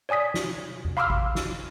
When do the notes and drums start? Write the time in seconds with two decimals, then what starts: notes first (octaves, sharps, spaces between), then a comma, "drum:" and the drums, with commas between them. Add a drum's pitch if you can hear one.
0.09 C#5 D5 G#5 D#6 B6
0.34 drum: snare
0.85 drum: tom E2
0.97 F5 B5 C6 D6 E6 F6
1.10 drum: kick G#1
1.35 drum: snare